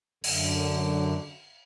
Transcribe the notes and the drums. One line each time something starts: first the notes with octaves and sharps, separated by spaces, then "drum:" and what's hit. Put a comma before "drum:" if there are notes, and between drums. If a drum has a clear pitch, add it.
F#2 D3, drum: open hi-hat